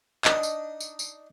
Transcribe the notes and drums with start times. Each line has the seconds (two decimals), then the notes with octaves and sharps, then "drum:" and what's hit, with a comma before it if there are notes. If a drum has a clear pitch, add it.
0.25 D4 D#4, drum: clap
0.43 drum: tambourine
0.80 drum: tambourine
0.99 drum: tambourine